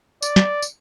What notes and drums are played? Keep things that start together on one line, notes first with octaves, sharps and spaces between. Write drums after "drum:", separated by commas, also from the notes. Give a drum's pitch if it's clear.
D5, drum: tambourine
drum: snare
drum: tambourine